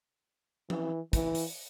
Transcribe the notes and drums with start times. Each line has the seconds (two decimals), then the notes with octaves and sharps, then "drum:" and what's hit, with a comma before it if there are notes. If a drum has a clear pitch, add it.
0.70 E3, drum: tom F3
1.13 E3, drum: kick, hi-hat
1.35 drum: open hi-hat